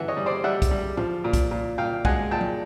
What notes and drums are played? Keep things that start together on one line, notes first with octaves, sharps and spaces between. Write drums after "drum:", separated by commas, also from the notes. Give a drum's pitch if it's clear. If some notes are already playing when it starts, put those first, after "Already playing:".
Already playing: E3 E5 F#5 G#5
C#5 D#5
G3
C5 D5
G3 E5 F#5
drum: kick, hi-hat
G3
F3, drum: tom
A#2
drum: kick, hi-hat
A#2
A#2 F5 G5
G#3 F#5 G#5, drum: kick
A#2 G5 A5
drum: tom